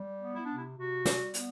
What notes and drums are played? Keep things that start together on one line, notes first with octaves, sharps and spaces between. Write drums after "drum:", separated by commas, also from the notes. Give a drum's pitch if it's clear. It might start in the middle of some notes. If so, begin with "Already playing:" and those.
Already playing: G3
B3
E4
C3 D4
E4
C3 F#4
G3, drum: snare
B3, drum: hi-hat